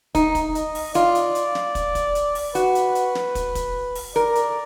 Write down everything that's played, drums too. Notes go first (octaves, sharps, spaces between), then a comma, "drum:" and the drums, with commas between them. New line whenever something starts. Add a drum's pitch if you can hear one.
D#4, drum: kick, hi-hat
drum: kick, hi-hat
D#5, drum: hi-hat
drum: open hi-hat
F4 D5, drum: hi-hat
drum: hi-hat
drum: hi-hat
drum: snare
drum: kick, hi-hat
drum: kick, hi-hat
drum: hi-hat
drum: open hi-hat
F#4 B4, drum: hi-hat
drum: hi-hat
drum: hi-hat
drum: snare
drum: kick, hi-hat
drum: kick, hi-hat
drum: open hi-hat
A#4 D5
drum: hi-hat